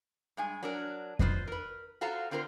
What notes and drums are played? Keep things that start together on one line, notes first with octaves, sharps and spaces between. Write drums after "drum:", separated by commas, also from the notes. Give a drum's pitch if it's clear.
G2 G#3 G#5
F#3 D4 A#4
F4 F#4 B4 C5 D#5, drum: kick F2
A#4 B4
F4 F#4 A4 C5 F5 A#5
D3 C4 F4 A#4 C5